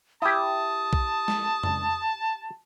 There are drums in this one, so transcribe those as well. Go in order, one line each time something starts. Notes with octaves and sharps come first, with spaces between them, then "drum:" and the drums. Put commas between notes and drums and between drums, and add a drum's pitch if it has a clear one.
E4 G4 A5 D#6
drum: kick B1
drum: snare
drum: tom